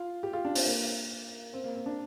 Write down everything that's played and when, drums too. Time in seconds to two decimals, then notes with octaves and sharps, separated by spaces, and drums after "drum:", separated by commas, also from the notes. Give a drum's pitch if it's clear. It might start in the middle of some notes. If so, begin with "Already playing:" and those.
Already playing: F4
0.23 G4
0.33 F4
0.45 D4
0.55 C4, drum: open hi-hat
0.66 A#3
1.53 C4
1.64 A#3
1.75 C4
1.86 D4